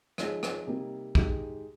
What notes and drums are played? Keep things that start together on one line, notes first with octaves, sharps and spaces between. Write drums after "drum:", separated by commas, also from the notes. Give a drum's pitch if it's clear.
F3 G#3 D#4 G#4, drum: rim click
drum: rim click
C3 G3 A#3 D#4
G#3 D#4 G4, drum: kick